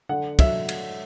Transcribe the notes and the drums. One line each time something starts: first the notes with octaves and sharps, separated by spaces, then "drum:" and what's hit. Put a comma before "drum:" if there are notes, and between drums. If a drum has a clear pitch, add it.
D3 F#5
F#3 E5, drum: kick, cymbal
drum: cymbal